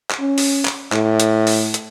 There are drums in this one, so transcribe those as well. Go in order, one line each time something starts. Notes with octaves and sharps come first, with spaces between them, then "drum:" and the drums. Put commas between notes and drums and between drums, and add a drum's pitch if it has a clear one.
drum: clap
C#4
drum: open hi-hat
drum: clap
A2, drum: clap
drum: hi-hat
drum: open hi-hat
drum: hi-hat